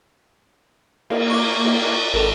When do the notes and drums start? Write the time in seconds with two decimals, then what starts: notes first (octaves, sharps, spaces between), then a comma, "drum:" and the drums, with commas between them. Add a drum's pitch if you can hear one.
1.10 A#3, drum: cymbal
1.30 C#6 D6
1.65 drum: cymbal
2.14 G#1 A4 A#4